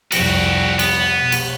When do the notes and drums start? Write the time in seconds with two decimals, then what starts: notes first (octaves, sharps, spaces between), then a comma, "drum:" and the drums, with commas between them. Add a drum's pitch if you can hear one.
0.12 C2 F2 F#4 G4, drum: cymbal
0.79 B3, drum: cymbal
1.14 B2
1.32 drum: cymbal